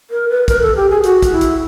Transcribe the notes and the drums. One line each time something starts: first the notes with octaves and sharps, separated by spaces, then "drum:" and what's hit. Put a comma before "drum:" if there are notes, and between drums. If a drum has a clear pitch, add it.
A#4
B4
A#4, drum: kick, hi-hat
A4
G4
G#4
F#4, drum: hi-hat
drum: kick, hi-hat
E4
drum: hi-hat